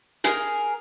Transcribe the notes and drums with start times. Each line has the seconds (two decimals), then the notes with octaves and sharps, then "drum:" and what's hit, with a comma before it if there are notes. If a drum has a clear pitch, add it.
0.24 G#4 A#4, drum: hi-hat